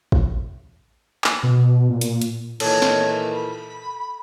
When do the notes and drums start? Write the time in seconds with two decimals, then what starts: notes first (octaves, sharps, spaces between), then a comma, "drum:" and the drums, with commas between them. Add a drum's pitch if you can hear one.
0.12 drum: kick
1.24 drum: clap
1.43 B2
1.89 A#2
2.01 drum: hi-hat
2.22 drum: hi-hat
2.60 A#2 D#3 E3 A4 C#5, drum: cymbal
2.82 drum: snare
3.33 B5